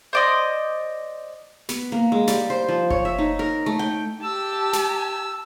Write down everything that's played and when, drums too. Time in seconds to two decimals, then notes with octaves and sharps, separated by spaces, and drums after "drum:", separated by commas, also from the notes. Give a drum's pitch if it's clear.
0.13 C5 D5 D#5
1.69 B3, drum: snare
1.92 A#3
2.12 G#3
2.27 G3, drum: snare
2.50 C5
2.68 F3
2.90 C#5, drum: kick F#1
3.05 E5
3.18 D#4
3.39 A#4
3.66 A3
3.79 G5
4.22 G4 A5 E6
4.73 drum: snare